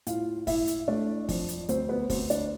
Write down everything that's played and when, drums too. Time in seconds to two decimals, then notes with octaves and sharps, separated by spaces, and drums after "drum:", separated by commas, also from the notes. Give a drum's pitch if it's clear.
0.07 A2 F4 F5, drum: hi-hat
0.47 A2 E4 E5, drum: kick, open hi-hat
0.67 drum: hi-hat
0.88 A3 D4 D5
1.29 F2, drum: kick, open hi-hat
1.49 drum: hi-hat
1.69 D2 C4 C5, drum: hi-hat
1.89 B3 B4
2.10 D2 C4 C5, drum: kick, open hi-hat
2.30 D4 D5, drum: hi-hat